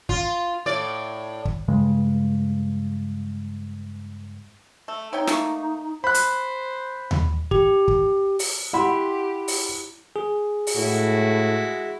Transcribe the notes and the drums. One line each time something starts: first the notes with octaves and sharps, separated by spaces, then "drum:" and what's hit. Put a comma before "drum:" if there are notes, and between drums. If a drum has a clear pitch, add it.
F4, drum: kick
A2 D5
drum: kick
G2 C#3 G#3
A3
C3 D#4 C#5 G5
A3 A#3 C#6, drum: snare
C5 B5 F#6
drum: hi-hat
drum: tom D#2
G4, drum: kick
drum: kick
drum: open hi-hat
E4 G4 F#5 B5 C6
drum: open hi-hat
G#4
drum: open hi-hat
A2 G#3 E4 F#4